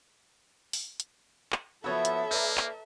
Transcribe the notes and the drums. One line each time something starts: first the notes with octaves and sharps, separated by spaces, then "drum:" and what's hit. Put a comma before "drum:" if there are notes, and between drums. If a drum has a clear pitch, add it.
drum: open hi-hat
drum: hi-hat
drum: clap
F3 B3 E4 F#4 A4 C#5 E5
drum: hi-hat
A#3 B4 D5 A#5
drum: clap